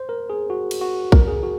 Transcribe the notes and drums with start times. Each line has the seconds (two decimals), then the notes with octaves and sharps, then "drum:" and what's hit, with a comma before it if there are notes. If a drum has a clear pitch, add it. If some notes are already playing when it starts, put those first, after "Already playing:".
Already playing: C5
0.09 A#4
0.30 G#4
0.50 F#4
0.71 drum: cymbal
0.81 F#4
1.12 A#4, drum: kick A#1
1.28 G#4
1.43 F#4